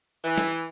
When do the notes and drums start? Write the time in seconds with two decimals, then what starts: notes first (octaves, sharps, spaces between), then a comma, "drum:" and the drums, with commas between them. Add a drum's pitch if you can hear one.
0.24 E3
0.37 drum: snare